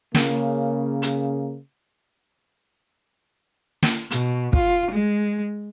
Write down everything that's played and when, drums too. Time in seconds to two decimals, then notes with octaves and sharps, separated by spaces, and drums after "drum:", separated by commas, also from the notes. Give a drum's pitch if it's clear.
0.14 C#3 A#3, drum: snare
1.02 drum: hi-hat
3.83 drum: snare
4.11 B2, drum: hi-hat
4.53 F4, drum: kick
4.90 G#3